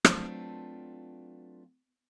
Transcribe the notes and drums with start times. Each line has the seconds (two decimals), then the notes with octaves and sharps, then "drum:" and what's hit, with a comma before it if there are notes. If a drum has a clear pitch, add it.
0.05 F#3 A3 C4 D4 F4 B4, drum: rim click